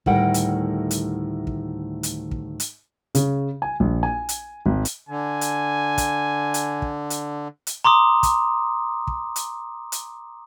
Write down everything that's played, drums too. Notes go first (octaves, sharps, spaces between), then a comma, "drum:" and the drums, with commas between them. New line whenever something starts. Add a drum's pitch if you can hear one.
D2 A2 D#3 G3 F#5 G5, drum: kick
drum: hi-hat
drum: hi-hat
drum: kick
drum: hi-hat
drum: kick
drum: hi-hat
C#3, drum: hi-hat
G#5
A#1
G#5
drum: hi-hat
G#1
drum: hi-hat
D3 G#5
drum: hi-hat
drum: kick, hi-hat
drum: hi-hat
drum: kick
drum: hi-hat
drum: hi-hat
A#5 C6 D6 D#6
drum: kick, hi-hat
drum: kick
drum: hi-hat
drum: hi-hat